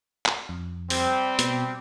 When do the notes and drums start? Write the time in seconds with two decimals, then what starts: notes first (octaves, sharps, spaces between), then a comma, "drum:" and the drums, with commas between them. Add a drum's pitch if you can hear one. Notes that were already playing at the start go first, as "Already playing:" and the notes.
0.26 drum: clap
0.49 F2
0.90 G3 C4, drum: open hi-hat
1.39 B2, drum: hi-hat